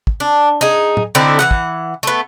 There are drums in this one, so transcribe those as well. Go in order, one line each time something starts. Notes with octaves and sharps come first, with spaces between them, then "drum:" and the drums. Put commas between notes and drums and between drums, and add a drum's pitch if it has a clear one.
drum: kick
D4
D#4 G#4
drum: tom
D3 C4 D#4 E4
E3 B3 F#5
drum: kick
A3 B3